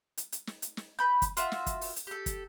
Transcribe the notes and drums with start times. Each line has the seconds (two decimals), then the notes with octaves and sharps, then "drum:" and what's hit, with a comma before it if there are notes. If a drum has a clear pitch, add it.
0.17 drum: hi-hat
0.32 drum: hi-hat
0.47 drum: snare
0.62 drum: hi-hat
0.77 drum: snare
0.99 B4 B5 G6
1.22 drum: kick, hi-hat
1.37 F4 F#4 E5, drum: hi-hat
1.52 drum: snare
1.66 drum: kick, hi-hat
1.81 drum: open hi-hat
1.96 drum: hi-hat
2.07 G4 A4
2.26 drum: kick, hi-hat